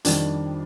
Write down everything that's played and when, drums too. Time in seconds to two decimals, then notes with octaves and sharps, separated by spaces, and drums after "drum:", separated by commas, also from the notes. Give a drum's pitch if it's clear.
0.05 F2 D#3 G3 D4, drum: hi-hat